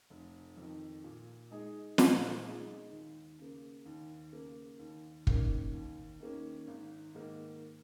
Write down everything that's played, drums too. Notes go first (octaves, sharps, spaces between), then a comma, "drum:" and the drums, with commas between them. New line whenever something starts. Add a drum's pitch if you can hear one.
F1
F2 D#3
A#2
G#3 D#4 G#4
A#2, drum: snare
G#3 D#4 G#4
D#2
C#3 A#3
D#2
C#3 A#3
D#2
D#3 A#3 C#4, drum: kick
D#2
D#3 A#3 C#4
G#1
G#2 D#3 A#3